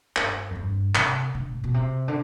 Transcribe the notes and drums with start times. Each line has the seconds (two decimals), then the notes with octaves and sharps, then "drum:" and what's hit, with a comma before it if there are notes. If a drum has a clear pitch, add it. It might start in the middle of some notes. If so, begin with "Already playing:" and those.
0.16 G2, drum: clap
0.51 F2
0.55 G2
0.95 C3, drum: clap
1.35 D3
1.53 G#2
1.64 B2
1.74 C3
2.08 D3